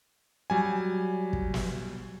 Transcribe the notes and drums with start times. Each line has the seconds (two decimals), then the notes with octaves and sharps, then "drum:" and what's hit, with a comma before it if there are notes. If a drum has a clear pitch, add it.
0.50 F#3 G3 G#5
1.33 drum: kick
1.54 drum: snare